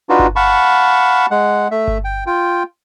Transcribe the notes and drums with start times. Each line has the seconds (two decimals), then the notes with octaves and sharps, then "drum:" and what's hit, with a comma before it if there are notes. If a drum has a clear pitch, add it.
0.09 D4 D#4 F4 F#4 B4
0.19 drum: kick G1
0.36 F5 F#5 A5 B5 C#6
1.31 G#3 F#5
1.71 A3 E5
1.88 drum: kick G1
2.04 G5
2.27 F4 G5